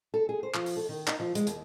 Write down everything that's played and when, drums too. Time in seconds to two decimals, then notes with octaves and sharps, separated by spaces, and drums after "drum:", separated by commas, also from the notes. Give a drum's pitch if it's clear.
0.14 A4
0.29 G#4
0.43 C5
0.54 F3, drum: clap
0.66 drum: open hi-hat
0.77 A4
0.89 D#3
1.07 D#4, drum: clap
1.20 F3
1.35 G#3, drum: hi-hat
1.47 D#2, drum: hi-hat